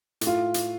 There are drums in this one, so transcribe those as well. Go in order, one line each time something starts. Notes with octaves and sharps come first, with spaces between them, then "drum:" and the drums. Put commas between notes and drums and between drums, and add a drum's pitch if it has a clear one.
A2, drum: hi-hat
F4
drum: hi-hat